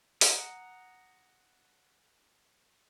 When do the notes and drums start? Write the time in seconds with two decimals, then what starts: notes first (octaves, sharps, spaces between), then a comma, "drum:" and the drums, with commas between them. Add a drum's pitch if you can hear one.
0.21 F#5 A#5 D#6, drum: open hi-hat